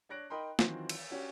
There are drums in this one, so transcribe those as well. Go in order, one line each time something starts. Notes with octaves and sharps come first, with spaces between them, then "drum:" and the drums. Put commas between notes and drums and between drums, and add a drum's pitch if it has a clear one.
D4 C#5 F#6 A#6 D7
D#4 A#4 D#5 G5 B5 C6
D#3 E3 F#3 C4 F4, drum: snare
drum: cymbal
C#4 D4 F#4 G4 C#5